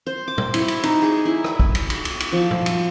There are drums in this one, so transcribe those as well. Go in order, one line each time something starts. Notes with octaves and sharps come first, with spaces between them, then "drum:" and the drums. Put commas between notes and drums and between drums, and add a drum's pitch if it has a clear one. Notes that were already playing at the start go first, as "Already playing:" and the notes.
C5
D6
drum: tom A#2
E4, drum: cymbal
drum: cymbal
D#4, drum: cymbal
G#4
E4
drum: rim click
drum: kick
drum: cymbal
drum: cymbal
drum: cymbal
drum: cymbal
F3
drum: tom A#2
drum: cymbal